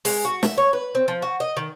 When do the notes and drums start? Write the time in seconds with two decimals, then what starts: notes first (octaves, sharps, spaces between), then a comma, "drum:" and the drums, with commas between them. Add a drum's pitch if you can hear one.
0.05 G#3, drum: open hi-hat
0.25 F#4
0.43 E5, drum: snare
0.58 C#5
0.73 B4
0.95 C4
1.08 F3
1.22 F#4
1.40 D#5
1.57 D#3